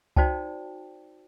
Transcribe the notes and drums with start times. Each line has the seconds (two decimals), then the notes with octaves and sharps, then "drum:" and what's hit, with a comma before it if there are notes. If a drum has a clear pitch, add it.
0.16 D#4 F#4 C5 D5 G5 A5, drum: kick C2